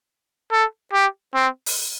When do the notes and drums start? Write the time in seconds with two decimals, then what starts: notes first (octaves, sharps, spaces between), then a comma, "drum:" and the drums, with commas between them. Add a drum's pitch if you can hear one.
0.52 A4
0.93 G4
1.35 C4
1.66 drum: open hi-hat